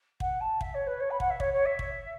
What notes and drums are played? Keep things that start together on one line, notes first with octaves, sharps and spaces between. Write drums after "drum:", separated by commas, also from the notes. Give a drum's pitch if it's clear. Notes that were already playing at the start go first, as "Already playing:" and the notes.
F#5, drum: kick
A5
E5, drum: kick
C#5
B4
C#5
B5
F#5, drum: kick
E5
C#5, drum: kick
C#5
E5
drum: kick